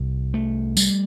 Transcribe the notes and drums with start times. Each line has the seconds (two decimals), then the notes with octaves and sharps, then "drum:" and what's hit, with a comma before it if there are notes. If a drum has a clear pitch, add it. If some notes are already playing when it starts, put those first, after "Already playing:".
Already playing: C2
0.34 A3
0.77 G3, drum: tambourine